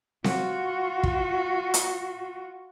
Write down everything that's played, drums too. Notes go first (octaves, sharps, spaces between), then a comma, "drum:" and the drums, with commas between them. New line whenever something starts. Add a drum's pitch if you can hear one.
F4 F#4, drum: snare C4
drum: kick
drum: hi-hat